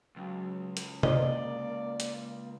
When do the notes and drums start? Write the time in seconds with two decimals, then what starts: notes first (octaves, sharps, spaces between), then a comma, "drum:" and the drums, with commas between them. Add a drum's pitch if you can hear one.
0.16 C#2 F#3
0.77 drum: hi-hat
1.03 A#3 D5 D#5, drum: tom C3
2.00 drum: hi-hat